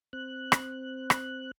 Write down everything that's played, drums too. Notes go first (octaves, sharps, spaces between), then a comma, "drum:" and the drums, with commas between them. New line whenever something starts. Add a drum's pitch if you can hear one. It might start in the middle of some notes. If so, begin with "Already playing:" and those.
C4 F#6
drum: rim click
drum: rim click